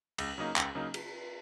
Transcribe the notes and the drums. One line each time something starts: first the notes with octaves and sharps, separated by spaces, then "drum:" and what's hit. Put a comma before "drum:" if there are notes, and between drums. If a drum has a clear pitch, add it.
C#2, drum: cymbal
C#3 F#3 A#3 D#4
C#2, drum: clap
C#3 F#3 A#3 D#4
drum: cymbal